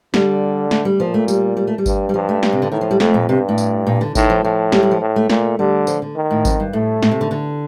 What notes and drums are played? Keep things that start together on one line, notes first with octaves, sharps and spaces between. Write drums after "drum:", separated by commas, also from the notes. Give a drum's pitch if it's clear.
D3 G3, drum: snare
A3, drum: snare
G3
A#2 F3
A3
G3, drum: tambourine
G3
A3
G3
G2, drum: kick G#1, tambourine
G3
G2 F3
A3
G3, drum: snare
C3
D3
A2 D#3
F3
G3
F2 A3, drum: snare
A#2
G2 C3
A2
drum: tambourine
A#2
D3
A2 D#3, drum: kick G#1, tambourine
F3
A2 F3
G3, drum: snare
G3
F3
A2
A3
A#2 A3, drum: snare
D3 G3
F3, drum: tambourine
D3
D#3
A2
F2, drum: kick G#1, tambourine
G2
A2 A3
A2, drum: snare
C3
D3
D3